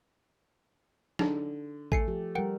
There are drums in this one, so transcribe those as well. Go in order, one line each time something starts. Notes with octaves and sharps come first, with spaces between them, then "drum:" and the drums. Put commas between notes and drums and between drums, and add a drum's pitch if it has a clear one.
D3 D4 D#4, drum: snare
A3 G#5 C7 C#7, drum: kick A1
F3 G4
G3 A#4 F#5 G5